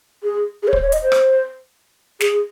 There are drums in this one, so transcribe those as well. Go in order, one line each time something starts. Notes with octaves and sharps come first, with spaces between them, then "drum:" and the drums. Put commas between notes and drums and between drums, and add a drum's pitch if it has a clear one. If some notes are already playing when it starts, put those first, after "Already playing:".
G#4
G#4
C#5
C5, drum: kick
C#5
D#5, drum: hi-hat
C5
drum: rim click
G#4, drum: snare